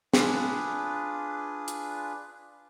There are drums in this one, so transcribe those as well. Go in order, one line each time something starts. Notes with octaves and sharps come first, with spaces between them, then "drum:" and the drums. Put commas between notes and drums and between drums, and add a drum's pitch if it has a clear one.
D4 F4 G#4 B4, drum: snare
drum: hi-hat